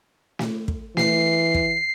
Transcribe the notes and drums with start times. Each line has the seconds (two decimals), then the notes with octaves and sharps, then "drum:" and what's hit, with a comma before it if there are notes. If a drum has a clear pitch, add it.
0.39 drum: snare
0.68 drum: kick
0.97 E3 C7, drum: snare
1.54 drum: kick